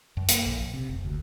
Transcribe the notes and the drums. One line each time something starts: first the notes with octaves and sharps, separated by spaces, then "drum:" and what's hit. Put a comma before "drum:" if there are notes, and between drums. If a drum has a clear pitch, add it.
F#2
A#3, drum: hi-hat
A#1
C3
F1
D2